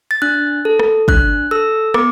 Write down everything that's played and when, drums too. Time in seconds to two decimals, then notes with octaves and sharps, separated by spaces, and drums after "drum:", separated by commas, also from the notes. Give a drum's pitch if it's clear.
0.11 A6
0.22 D4 F#6
0.65 A4
0.79 drum: rim click
1.08 D4 F#6, drum: kick
1.51 A4 E6
1.94 B3 D6, drum: rim click